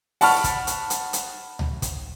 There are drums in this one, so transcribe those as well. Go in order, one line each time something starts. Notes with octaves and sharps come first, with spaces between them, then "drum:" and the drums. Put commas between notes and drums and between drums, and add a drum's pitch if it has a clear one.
F#5 A5 B5 C#6 F6, drum: open hi-hat
drum: kick, hi-hat
drum: hi-hat
drum: hi-hat
drum: hi-hat
drum: tom C#2
drum: kick, hi-hat